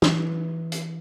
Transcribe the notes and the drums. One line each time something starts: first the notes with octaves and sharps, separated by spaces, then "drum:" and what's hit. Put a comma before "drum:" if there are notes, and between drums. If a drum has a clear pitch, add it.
E3, drum: snare
drum: hi-hat